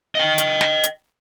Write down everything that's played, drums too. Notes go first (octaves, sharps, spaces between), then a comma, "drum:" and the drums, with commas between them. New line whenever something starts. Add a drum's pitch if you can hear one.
D#5 G5
drum: hi-hat
drum: snare
drum: hi-hat